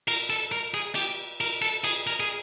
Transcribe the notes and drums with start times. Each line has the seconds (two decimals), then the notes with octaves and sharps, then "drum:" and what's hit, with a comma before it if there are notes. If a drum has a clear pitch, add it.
0.08 A#4, drum: cymbal
0.30 A4
0.52 A#4
0.74 G#4
0.95 G4, drum: cymbal
1.41 A#4, drum: cymbal
1.62 A4
1.84 G#4, drum: cymbal
2.07 A#4
2.20 G#4